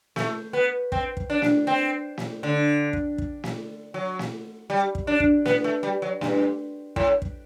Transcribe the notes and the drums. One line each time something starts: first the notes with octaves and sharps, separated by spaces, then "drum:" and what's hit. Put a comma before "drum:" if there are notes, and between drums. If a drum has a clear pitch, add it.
A3, drum: snare
B3
C4, drum: kick
drum: kick
D4
drum: snare
C4
drum: snare
D3
drum: kick
drum: kick
drum: snare
F#3
drum: snare
G3
drum: kick
D4
drum: kick
B3, drum: snare
A3
G3
F#3
G2, drum: snare
A2, drum: kick
drum: kick